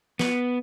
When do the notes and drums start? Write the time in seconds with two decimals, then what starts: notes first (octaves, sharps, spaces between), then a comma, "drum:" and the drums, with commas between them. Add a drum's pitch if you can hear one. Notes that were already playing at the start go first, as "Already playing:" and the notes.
0.19 B3, drum: snare